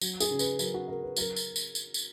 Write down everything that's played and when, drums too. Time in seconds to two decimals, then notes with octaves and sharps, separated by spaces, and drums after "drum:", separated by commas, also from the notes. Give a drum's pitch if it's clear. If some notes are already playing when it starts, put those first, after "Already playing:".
0.01 F#3, drum: tambourine
0.20 G#4, drum: tambourine
0.31 C#3
0.39 B4, drum: tambourine
0.59 F#3 A#4, drum: tambourine
0.74 F#4
0.88 C#3 A#4
1.03 B4
1.16 F#3 A#4, drum: tambourine
1.36 drum: tambourine
1.56 drum: tambourine
1.75 drum: tambourine
1.94 drum: tambourine